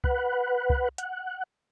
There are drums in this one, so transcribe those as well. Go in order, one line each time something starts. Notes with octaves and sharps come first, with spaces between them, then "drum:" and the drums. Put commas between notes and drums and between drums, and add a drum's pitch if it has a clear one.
B4 F#5, drum: kick
drum: kick
F#5, drum: hi-hat